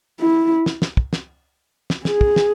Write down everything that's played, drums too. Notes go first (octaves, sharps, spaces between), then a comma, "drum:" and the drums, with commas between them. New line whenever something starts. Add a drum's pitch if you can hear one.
E4
drum: snare
drum: snare
drum: kick
drum: snare
drum: snare
G#4, drum: snare
drum: kick
drum: snare